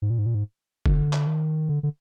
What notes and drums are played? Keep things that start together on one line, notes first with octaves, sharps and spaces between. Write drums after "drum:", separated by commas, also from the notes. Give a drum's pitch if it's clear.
G#2
A#2
G#2
A#2
G#2
D3, drum: kick F1
drum: clap
D#3
D3
D3